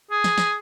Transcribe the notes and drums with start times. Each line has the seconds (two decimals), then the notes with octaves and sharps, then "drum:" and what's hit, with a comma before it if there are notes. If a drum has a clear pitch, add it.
0.11 G#4
0.24 drum: snare
0.38 drum: snare